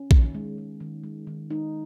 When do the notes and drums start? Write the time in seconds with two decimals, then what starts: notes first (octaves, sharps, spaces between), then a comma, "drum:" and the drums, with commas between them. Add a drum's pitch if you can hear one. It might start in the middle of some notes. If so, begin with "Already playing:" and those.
Already playing: C#4
0.11 D#3, drum: kick A#1
0.35 G#3
0.58 G#3
0.80 D#3
1.03 G#3
1.27 D#3
1.50 G#3 D#4